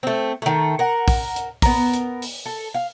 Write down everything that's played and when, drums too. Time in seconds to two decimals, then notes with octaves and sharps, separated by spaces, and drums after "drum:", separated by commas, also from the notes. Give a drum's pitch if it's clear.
0.03 A3 C4
0.42 D#3 A3
0.79 A#4 F#5
1.08 drum: kick, open hi-hat
1.36 drum: hi-hat
1.62 B3 A#4, drum: kick, open hi-hat
1.94 drum: hi-hat
2.22 drum: open hi-hat
2.46 A4
2.74 F5